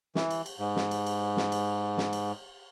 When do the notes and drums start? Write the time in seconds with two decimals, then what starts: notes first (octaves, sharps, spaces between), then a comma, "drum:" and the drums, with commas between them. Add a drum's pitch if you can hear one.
0.15 E3, drum: snare
0.31 drum: cymbal
0.46 drum: cymbal
0.59 G#2
0.76 drum: snare
0.91 drum: cymbal
1.06 drum: cymbal
1.37 drum: snare
1.52 drum: cymbal
1.98 drum: snare
2.13 drum: cymbal